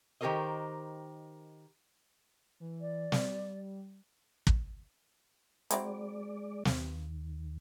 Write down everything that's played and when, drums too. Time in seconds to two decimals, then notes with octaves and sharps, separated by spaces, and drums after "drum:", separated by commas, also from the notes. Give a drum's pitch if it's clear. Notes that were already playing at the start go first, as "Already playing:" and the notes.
0.21 D#3 G4 A4 A#4 C5 D#5
2.60 E3
2.80 D5
3.12 G3, drum: snare
4.47 drum: kick
5.71 F#3 G#3 C4 E4 D5, drum: hi-hat
6.65 D#2, drum: snare